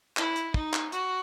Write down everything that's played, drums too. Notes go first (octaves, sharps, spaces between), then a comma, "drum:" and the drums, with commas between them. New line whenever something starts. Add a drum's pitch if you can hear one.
E4, drum: clap
drum: hi-hat
D#4, drum: kick
drum: clap
F#4, drum: hi-hat